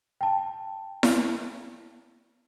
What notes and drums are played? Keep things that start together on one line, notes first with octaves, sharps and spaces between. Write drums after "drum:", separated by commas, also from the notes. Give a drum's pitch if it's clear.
G5 A5
drum: snare E4